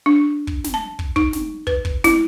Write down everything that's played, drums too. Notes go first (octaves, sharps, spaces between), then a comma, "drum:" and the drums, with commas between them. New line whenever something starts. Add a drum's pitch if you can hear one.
D4
drum: kick
drum: snare
A5
drum: kick
D#4, drum: kick
drum: snare
B4, drum: kick
drum: kick
E4, drum: snare